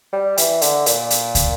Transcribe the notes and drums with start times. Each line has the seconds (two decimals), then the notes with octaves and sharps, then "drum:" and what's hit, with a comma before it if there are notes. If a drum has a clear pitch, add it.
0.13 G3
0.37 E3, drum: hi-hat
0.62 D3, drum: hi-hat
0.86 A#2, drum: hi-hat
1.10 drum: hi-hat
1.35 drum: kick, hi-hat